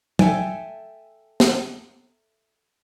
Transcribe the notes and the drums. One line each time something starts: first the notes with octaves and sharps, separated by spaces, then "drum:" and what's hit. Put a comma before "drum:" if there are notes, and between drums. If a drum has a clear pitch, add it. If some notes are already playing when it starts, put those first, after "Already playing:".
A4 E5 G5 G#5, drum: tom
drum: snare